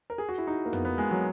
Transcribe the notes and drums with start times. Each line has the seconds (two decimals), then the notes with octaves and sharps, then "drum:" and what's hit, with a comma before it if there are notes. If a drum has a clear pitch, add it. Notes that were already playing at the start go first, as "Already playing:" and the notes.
0.10 A#4
0.18 G#4
0.29 F#4
0.38 E4
0.47 D#4
0.65 A#3
0.73 B3, drum: tom
0.85 B3
0.98 G#3
1.11 F#3